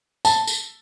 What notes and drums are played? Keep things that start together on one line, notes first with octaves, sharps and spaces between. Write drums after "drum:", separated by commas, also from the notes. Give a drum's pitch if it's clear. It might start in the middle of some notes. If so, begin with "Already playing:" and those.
A5, drum: tambourine
drum: tambourine